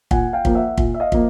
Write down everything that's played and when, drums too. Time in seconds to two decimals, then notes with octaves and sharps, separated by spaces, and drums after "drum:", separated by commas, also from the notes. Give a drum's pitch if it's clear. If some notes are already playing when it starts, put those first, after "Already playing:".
0.11 A#2 F#5 G#5, drum: kick
0.33 F5 G5
0.45 F3 A#3, drum: kick
0.55 E5 F#5
0.78 A#2, drum: kick
0.94 E5
1.00 D#5 F5
1.12 F3 A#3, drum: kick